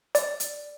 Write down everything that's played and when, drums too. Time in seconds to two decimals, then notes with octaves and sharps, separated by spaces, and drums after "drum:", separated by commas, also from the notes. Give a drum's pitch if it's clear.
0.15 D5, drum: hi-hat
0.40 drum: hi-hat